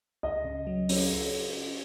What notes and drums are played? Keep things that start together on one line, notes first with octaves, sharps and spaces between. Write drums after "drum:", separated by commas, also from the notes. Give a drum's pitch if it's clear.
C#2 D#5
C#3
F#3
C#4, drum: open hi-hat
C#3